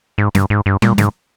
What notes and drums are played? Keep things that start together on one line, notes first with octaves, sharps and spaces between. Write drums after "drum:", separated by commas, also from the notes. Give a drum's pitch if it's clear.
G#2
G2, drum: snare
G#2
G2
A#2, drum: tom G3
G#2, drum: snare